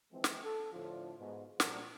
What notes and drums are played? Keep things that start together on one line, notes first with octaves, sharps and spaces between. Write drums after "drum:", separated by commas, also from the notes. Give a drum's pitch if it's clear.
E3 F3 G#3 C4
drum: snare
A4
A2 D3 F3 D4 F4
G#2 B2
A#2 F3 G3 D4 F#4 A#4, drum: snare